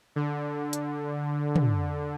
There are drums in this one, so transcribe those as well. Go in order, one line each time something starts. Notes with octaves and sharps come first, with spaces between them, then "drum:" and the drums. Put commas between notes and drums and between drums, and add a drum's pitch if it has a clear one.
D3
drum: hi-hat
drum: tom